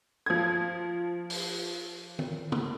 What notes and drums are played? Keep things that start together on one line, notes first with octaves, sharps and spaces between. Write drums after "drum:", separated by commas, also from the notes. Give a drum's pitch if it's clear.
F3 G#6
drum: open hi-hat
drum: tom D#3
drum: tom